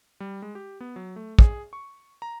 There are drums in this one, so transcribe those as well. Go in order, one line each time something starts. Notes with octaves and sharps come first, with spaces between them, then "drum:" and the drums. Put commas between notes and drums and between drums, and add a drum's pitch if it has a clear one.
G3
G#3
G4
B3
F#3
A3
G#4, drum: kick
C#6
A#5